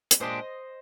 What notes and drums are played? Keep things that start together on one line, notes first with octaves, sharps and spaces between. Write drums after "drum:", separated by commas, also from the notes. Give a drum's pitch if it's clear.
drum: hi-hat
A#2 G#3 D4 G4 C5 D#5